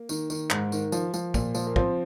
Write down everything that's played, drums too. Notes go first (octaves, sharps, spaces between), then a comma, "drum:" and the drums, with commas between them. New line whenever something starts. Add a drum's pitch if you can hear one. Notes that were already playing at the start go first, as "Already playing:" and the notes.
Already playing: A#3
D#3, drum: tambourine
D#3, drum: tambourine
G#2, drum: clap
D#3, drum: tambourine
F3, drum: tambourine
F3, drum: tambourine
A#2, drum: kick, tambourine
F3, drum: tambourine
A#3
F3 C4, drum: kick